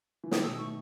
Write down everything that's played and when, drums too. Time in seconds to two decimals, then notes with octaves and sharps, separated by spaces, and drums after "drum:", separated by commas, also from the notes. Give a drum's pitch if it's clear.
0.24 E3
0.31 D#3 D#6, drum: snare
0.44 B2 E6
0.58 A2 C#6